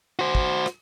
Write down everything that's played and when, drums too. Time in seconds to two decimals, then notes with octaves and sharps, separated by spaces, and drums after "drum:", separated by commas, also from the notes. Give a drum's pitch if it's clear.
0.19 F#4 C5
0.35 drum: kick
0.66 drum: rim click